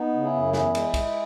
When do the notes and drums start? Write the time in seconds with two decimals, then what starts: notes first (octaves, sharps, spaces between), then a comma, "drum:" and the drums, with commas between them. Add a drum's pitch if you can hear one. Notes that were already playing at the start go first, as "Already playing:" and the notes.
Already playing: B3 D#4
0.14 C#3
0.23 E4 G#4
0.34 F#2
0.53 E2 E4 G#4, drum: snare
0.75 G#3, drum: cymbal
0.94 G#3, drum: kick, cymbal